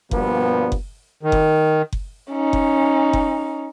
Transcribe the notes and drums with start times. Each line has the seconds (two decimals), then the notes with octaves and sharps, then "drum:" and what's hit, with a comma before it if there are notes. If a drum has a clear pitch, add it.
0.11 G2 B2 F3 G3 A#3 B3, drum: kick F#1
0.72 drum: kick F#1
1.23 D#3
1.32 drum: kick F#1
1.93 drum: kick F#1
2.31 C#4 D#4
2.53 drum: kick F#1
3.13 drum: kick F#1